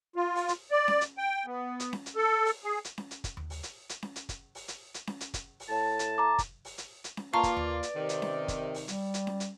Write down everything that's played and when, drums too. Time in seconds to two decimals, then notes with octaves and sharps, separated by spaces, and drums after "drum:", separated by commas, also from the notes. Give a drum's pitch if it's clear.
0.16 F4
0.35 drum: open hi-hat
0.48 drum: hi-hat
0.71 D5
0.88 drum: snare C#4
1.01 drum: hi-hat
1.18 G5
1.46 B3
1.80 drum: hi-hat
1.93 drum: snare C#4
2.06 drum: hi-hat
2.16 A4
2.45 drum: open hi-hat
2.64 G#4
2.84 drum: hi-hat
2.98 drum: snare C#4
3.11 drum: hi-hat
3.24 drum: kick, hi-hat
3.37 drum: tom D#2
3.50 drum: open hi-hat
3.63 drum: hi-hat
3.89 drum: hi-hat
4.02 drum: snare C#4
4.16 drum: hi-hat
4.29 drum: kick, hi-hat
4.55 drum: open hi-hat
4.68 drum: hi-hat
4.94 drum: hi-hat
5.07 drum: snare C#4
5.20 drum: hi-hat
5.34 drum: kick, hi-hat
5.60 drum: open hi-hat
5.69 A2 A5
5.99 drum: hi-hat
6.18 A#5 D6
6.38 drum: kick, hi-hat
6.65 drum: open hi-hat
6.78 drum: hi-hat
7.04 drum: hi-hat
7.17 drum: snare C#4
7.33 A#3 F4 B4 D5 A5 A#5 C#6
7.43 drum: kick, hi-hat
7.56 drum: tom D#2
7.83 drum: hi-hat
7.96 C3 D#3
8.09 drum: hi-hat
8.22 drum: snare C#4
8.48 drum: kick, hi-hat
8.74 drum: open hi-hat
8.88 G3, drum: hi-hat
9.14 drum: hi-hat
9.27 drum: snare C#4
9.40 drum: hi-hat